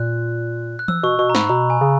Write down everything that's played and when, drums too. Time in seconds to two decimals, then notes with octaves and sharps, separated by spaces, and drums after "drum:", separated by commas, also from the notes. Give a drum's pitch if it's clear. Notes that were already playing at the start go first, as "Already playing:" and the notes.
Already playing: A#2 F#6
0.79 F#6
0.88 E6, drum: tom E3
1.03 B2 C#6
1.19 B2 C#6
1.30 A#5
1.35 G#2 B5, drum: snare
1.49 B2 A#5
1.70 G#5
1.81 C#3